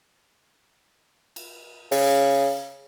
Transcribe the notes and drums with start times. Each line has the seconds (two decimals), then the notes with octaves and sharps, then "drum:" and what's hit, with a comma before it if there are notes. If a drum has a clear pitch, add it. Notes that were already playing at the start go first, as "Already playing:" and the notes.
1.36 drum: cymbal
1.91 C#3, drum: open hi-hat